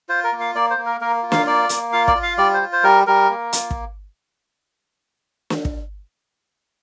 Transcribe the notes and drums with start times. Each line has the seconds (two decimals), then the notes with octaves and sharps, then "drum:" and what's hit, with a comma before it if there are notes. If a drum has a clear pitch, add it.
0.09 F4 C5
0.24 A#4
0.33 A#3
0.40 F5
0.55 A#3 D5
0.70 C5
0.78 A#3
0.86 A#4
1.01 A#3 A#4
1.23 F4
1.32 F5, drum: snare
1.46 A#3 D5
1.69 A#3, drum: hi-hat
1.92 F4 F5
2.08 D5, drum: kick
2.15 F4
2.23 F5
2.38 G3 D5
2.54 C5
2.61 F4
2.73 C5
2.84 G3 A#4
3.07 G3 A#4
3.30 A#3
3.53 F4, drum: hi-hat
3.71 drum: kick
5.50 drum: snare
5.65 drum: kick